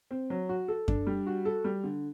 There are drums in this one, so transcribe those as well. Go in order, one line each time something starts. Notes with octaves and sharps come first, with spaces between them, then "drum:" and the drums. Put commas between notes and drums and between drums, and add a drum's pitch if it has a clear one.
C4
F#3
F#4
A4
D4, drum: kick F#2
G3
F#4
A4
G3
D3